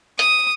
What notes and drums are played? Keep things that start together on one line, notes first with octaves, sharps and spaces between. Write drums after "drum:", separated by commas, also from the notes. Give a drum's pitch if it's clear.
D#6, drum: hi-hat